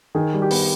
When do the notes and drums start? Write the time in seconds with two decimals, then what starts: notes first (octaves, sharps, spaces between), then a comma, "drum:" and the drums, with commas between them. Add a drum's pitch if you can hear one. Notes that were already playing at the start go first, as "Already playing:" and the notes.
0.15 D#3 G#4
0.33 G3
0.42 G4
0.51 B3, drum: open hi-hat